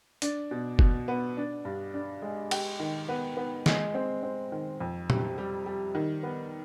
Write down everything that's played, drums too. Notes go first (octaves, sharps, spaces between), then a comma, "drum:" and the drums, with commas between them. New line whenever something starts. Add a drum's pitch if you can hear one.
D4, drum: hi-hat
B2
B2, drum: kick F#1
B3
D4
G2
D4
G#3
G4, drum: cymbal
D#3
B3
B3
G#3, drum: snare
C4
C4
D#3
F2
C3, drum: tom A#2
G3
G3
D#3
B3